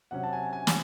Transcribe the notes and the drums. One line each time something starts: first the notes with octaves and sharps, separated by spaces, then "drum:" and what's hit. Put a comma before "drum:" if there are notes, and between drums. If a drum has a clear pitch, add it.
C3 F#3 C#4 F#5
A5
G#5
G#5
drum: snare